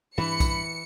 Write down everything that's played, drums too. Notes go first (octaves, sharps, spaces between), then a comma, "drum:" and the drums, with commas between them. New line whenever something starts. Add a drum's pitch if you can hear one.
G2 E3 C#4 D4 B5 C#7
drum: kick B1, tambourine